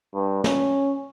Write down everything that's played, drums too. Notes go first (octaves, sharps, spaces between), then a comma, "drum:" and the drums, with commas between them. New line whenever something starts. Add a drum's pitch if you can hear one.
G2
C#4, drum: snare